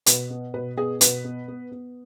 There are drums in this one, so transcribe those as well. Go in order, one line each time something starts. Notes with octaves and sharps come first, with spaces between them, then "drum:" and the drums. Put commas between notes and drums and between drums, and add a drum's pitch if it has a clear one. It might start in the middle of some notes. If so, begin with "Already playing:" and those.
B2 B4, drum: hi-hat
B3
B2 B4
B3 G#4
B2 B4, drum: hi-hat
B3
B3
B3